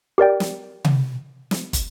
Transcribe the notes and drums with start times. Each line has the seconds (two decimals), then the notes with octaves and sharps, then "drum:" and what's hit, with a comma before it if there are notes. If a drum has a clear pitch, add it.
0.18 G4 A#4 D5 G5
0.40 drum: snare
0.85 drum: tom C3
1.51 drum: snare
1.73 drum: kick, hi-hat